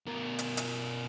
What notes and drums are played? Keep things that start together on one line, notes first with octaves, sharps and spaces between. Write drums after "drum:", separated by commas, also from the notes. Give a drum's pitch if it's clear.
B2 A#4
drum: hi-hat
drum: hi-hat